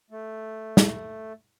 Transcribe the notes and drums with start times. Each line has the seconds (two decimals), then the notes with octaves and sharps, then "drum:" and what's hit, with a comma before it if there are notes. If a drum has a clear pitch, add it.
0.10 A3
0.77 drum: snare